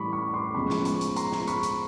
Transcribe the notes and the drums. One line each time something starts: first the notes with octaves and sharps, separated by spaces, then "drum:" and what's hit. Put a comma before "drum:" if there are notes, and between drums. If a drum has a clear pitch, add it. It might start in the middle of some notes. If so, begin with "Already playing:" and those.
Already playing: A2 E3 G3 B5 C#6 D6
B5 C#6
C6 D6
E2 C#3 F3 G#3 B5 C#6
drum: snare
B5 C#6, drum: hi-hat
drum: hi-hat
A#5 C6, drum: hi-hat
drum: snare
B5 C#6, drum: hi-hat
drum: hi-hat